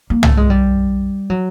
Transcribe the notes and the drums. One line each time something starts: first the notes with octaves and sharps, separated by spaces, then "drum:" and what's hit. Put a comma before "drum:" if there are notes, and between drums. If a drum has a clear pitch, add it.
A#3
A3, drum: tom C2
G#3
G3
F#3